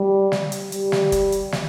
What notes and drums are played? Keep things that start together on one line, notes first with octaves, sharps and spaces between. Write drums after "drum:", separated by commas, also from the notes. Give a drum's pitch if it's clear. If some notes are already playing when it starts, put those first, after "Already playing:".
Already playing: G3
drum: snare
drum: hi-hat
G3, drum: hi-hat
drum: snare
drum: kick, hi-hat
drum: hi-hat
drum: snare